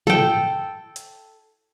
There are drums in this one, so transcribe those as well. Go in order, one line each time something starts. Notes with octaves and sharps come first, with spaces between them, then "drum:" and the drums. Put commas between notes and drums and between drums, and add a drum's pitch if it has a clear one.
A4 G5, drum: tom
drum: hi-hat